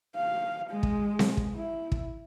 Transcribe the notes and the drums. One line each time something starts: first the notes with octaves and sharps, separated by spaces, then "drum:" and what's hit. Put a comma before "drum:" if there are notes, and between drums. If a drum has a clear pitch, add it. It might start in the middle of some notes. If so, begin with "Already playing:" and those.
F5
G#3
drum: kick
drum: snare C4
drum: kick
E4
drum: kick